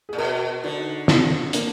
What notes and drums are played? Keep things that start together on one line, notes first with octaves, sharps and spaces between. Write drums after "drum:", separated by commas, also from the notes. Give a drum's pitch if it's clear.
G#4
A#2
B2 F#4 A#4
D3 D#4 F#4
D4 F4, drum: snare
A#3 D4, drum: hi-hat